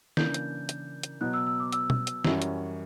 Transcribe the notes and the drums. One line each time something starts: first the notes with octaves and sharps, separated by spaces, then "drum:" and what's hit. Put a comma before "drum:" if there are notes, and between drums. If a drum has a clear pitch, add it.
C#3 E3 A#3 D4 G6, drum: snare
drum: hi-hat
drum: hi-hat
drum: hi-hat
B2 F#3 B3 F#6
E6
E6
D6
E6, drum: hi-hat
drum: tom B2
drum: hi-hat
F#2 E3 G3 C#4 F#4, drum: snare
drum: hi-hat